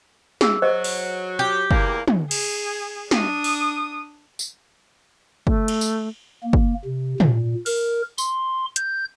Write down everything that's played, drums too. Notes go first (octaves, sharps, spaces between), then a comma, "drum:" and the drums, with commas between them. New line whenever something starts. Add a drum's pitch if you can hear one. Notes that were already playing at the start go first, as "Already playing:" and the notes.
G#4 E6, drum: snare
F#3 C5 D#5
drum: open hi-hat
G4
E2 A#2 A#3, drum: kick
drum: tom
G#4, drum: cymbal
D4 D#6, drum: snare
drum: open hi-hat
drum: tambourine
A3, drum: kick
drum: cymbal
drum: tambourine
A#3
drum: kick
C3
A#2, drum: tom
A#4, drum: open hi-hat
C6, drum: tambourine
G6, drum: hi-hat